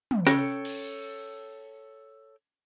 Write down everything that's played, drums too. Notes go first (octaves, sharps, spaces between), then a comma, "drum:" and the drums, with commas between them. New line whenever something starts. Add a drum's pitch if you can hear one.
drum: tom
C#4 A4 C#5 G5, drum: snare
drum: cymbal